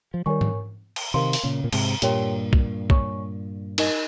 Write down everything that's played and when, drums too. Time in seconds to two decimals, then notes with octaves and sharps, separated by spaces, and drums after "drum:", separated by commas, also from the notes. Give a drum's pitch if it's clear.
0.14 F3
0.26 D#3 G3 A#4 C#5 G#5 C#6
0.41 drum: tom G#2
0.96 drum: cymbal
1.14 C3 D#3 A#4 F5 C6
1.33 drum: open hi-hat
1.43 A#2 C#3
1.64 A#2
1.73 G#2 C3, drum: cymbal
2.02 G2 A#2 G4 A#4 C#5 G5 C6, drum: hi-hat
2.53 drum: kick
2.90 C#5 G#5 C#6, drum: kick
3.78 D#4 A#4 D#5 G#5, drum: cymbal